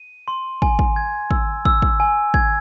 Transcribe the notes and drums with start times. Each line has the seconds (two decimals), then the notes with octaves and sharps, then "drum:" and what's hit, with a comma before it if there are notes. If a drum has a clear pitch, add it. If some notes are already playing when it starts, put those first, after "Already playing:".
Already playing: D#7
0.28 C6
0.62 G#5, drum: kick
0.79 drum: kick
0.96 G#6
1.31 E6, drum: kick
1.65 E6, drum: kick
1.82 drum: kick
2.00 G#5
2.34 G#6, drum: kick